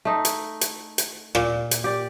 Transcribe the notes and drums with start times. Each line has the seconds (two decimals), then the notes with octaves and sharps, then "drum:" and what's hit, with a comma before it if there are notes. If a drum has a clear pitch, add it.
0.05 A3 D#4
0.25 drum: hi-hat
0.61 drum: hi-hat
0.98 drum: hi-hat
1.35 A#2, drum: rim click
1.71 drum: hi-hat
1.84 G4 D5